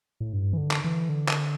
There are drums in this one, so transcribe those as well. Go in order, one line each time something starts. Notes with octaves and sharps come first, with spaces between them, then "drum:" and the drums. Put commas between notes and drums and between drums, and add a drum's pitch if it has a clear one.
A2
G2
E3
D3
drum: clap
E3
D3
drum: clap